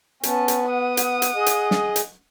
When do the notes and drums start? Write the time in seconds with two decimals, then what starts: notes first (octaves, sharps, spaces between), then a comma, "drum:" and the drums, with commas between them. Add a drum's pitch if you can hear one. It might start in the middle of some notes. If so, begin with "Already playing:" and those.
0.23 B3 C#4 A5, drum: hi-hat
0.48 drum: hi-hat
0.69 F#5 D#6
0.97 drum: hi-hat
1.22 drum: hi-hat
1.35 G#4 D#5
1.46 drum: hi-hat
1.71 drum: snare
1.96 drum: hi-hat